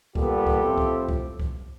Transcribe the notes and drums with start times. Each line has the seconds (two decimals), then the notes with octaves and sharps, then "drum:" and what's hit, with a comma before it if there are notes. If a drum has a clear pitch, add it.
0.15 A#2 G3 B3 G4 A4, drum: kick C2
0.47 drum: kick C2
0.62 A2 F3 A3 C4
0.78 drum: kick C2
1.09 drum: kick C2
1.40 drum: kick C2